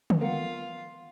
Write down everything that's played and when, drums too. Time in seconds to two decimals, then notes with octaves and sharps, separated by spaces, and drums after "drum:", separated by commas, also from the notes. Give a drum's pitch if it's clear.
0.10 drum: tom D3
0.21 B3 F4 A#4 F5 F#5